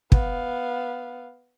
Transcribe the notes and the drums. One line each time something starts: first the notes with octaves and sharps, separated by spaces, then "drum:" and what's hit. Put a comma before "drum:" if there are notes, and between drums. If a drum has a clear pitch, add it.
B3 F5, drum: kick